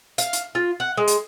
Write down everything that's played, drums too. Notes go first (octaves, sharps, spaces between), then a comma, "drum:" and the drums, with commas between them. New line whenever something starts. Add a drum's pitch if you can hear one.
F5, drum: hi-hat
drum: hi-hat
F4
F#5
G#3
drum: hi-hat